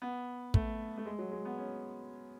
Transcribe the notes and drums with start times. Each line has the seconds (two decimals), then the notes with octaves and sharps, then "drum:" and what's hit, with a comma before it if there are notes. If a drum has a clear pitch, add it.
0.02 B3
0.54 A3, drum: kick
0.98 A3
1.06 G#3
1.19 F#3
1.32 G#3
1.45 B3
1.58 C#4